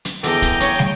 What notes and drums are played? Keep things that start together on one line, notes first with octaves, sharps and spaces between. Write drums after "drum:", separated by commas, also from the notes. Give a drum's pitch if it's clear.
drum: hi-hat
E2 D3 D#5 G5 A#5, drum: hi-hat
drum: kick, hi-hat
C#5, drum: hi-hat
drum: snare